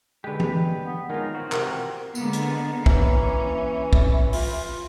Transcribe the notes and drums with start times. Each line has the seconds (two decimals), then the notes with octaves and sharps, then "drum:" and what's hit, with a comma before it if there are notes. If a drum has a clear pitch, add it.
0.24 D3 G#3 G4 B4
0.40 drum: tom
0.85 B3
1.10 D#3 F#3 G#3 D#4 F4 A#4
1.35 C4 F#4
1.52 C3 E3 F4 A#4, drum: clap
2.15 D3 G#3 A#3 B3, drum: tambourine
2.33 drum: hi-hat
2.86 E3 C#4, drum: kick
3.93 drum: kick
4.33 F4, drum: open hi-hat